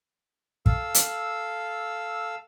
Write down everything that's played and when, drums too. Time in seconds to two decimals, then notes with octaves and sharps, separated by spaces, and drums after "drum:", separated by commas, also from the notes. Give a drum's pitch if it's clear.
0.66 A4 F5 E6, drum: kick
0.94 drum: hi-hat